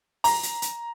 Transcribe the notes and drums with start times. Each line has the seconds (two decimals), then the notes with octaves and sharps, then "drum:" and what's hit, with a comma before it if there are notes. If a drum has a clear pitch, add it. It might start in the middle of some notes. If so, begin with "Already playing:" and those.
0.24 A#5, drum: open hi-hat
0.43 drum: hi-hat
0.62 drum: hi-hat